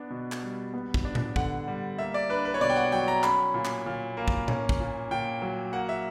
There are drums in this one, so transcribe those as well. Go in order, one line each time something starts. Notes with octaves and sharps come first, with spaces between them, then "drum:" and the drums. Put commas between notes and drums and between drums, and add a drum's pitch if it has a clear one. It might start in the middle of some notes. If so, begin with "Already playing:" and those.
Already playing: B3 D4
B2
drum: clap
G3
B3
drum: kick
D4
drum: tom A2
D3 F#5, drum: kick
G3
A#3 E5
D5
D4 B4
B4
C#5
B2 D5
G5
F#5
F#3 G5
A#5
C#4 B5, drum: clap
A#2
drum: clap
A#2
A#3
drum: kick
C#4, drum: tom A2
drum: kick
A#2
A#2 G5
F#3
A#3 F#5
E5